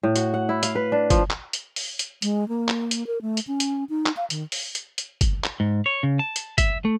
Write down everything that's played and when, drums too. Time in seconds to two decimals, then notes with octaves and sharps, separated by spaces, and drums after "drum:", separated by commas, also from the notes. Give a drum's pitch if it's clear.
0.03 A2
0.16 F#4, drum: hi-hat
0.34 F#5
0.49 E4
0.63 F5, drum: hi-hat
0.75 B4
0.92 D4
1.10 F3, drum: kick G1, hi-hat
1.30 drum: clap
1.53 drum: hi-hat
1.76 drum: open hi-hat
1.99 drum: hi-hat
2.22 G#3, drum: hi-hat
2.49 A#3
2.68 drum: clap
2.91 drum: hi-hat
3.07 A#4
3.22 A3
3.37 drum: hi-hat
3.47 C#4
3.60 drum: hi-hat
3.89 D#4
4.06 drum: clap
4.17 F5
4.30 D#3, drum: hi-hat
4.52 drum: open hi-hat
4.75 drum: hi-hat
4.98 drum: hi-hat
5.21 drum: kick G1, hi-hat
5.44 drum: clap
5.60 G#2
5.86 C#5
6.03 C#3
6.19 A5
6.36 drum: hi-hat
6.58 E5, drum: kick G1, hi-hat
6.85 A3